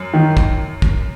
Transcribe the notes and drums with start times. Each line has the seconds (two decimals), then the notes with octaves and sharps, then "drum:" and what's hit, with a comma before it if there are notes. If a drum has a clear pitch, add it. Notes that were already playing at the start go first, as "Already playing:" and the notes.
Already playing: F#2
0.14 D#3
0.37 drum: kick
0.82 drum: kick